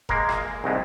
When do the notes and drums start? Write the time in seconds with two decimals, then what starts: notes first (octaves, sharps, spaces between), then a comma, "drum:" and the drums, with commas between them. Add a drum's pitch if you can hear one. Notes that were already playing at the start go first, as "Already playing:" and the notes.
0.09 G#3 A#3 A#4, drum: kick F1
0.29 drum: rim click
0.64 C2 G#2 G#3